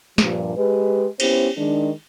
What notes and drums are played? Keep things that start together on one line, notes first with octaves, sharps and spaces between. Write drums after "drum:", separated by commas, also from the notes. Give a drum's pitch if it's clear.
G2 A#2 F3, drum: snare
G#3 G4 B4
B3 C#4 E4 G4 C5, drum: cymbal
D#3 G#3 D4